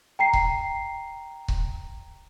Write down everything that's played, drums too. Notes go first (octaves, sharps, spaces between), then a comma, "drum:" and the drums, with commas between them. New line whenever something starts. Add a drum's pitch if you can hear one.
G5 A#5 C7
drum: kick C#1
drum: kick C#1